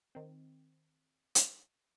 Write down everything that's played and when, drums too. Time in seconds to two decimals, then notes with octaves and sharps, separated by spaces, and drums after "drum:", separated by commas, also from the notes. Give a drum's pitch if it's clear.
0.15 D#3 C4
1.35 drum: hi-hat